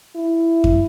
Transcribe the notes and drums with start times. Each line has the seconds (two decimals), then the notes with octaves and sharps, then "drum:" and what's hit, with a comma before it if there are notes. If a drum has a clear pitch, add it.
0.15 E4
0.64 drum: kick F2